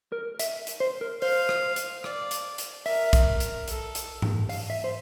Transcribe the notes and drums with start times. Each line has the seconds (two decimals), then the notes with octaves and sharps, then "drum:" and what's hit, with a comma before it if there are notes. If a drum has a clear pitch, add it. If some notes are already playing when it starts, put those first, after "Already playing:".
0.12 A#4
0.39 E5, drum: hi-hat
0.67 drum: hi-hat
0.80 C5
1.01 A#4
1.22 C5 F5, drum: open hi-hat
1.49 drum: rim click
1.76 drum: hi-hat
2.04 D5, drum: rim click
2.31 drum: hi-hat
2.58 drum: hi-hat
2.86 A#4 E5, drum: open hi-hat
3.13 drum: kick B1, hi-hat
3.40 drum: hi-hat
3.68 A4, drum: hi-hat
3.95 drum: hi-hat
4.22 drum: tom G#2
4.49 F5, drum: open hi-hat
4.70 E5
4.84 C5